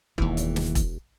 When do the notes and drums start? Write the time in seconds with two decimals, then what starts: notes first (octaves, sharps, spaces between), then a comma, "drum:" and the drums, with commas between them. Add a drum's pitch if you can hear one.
0.18 E1 D#2 E3, drum: kick E1
0.37 drum: hi-hat
0.56 drum: snare
0.75 drum: kick E1, hi-hat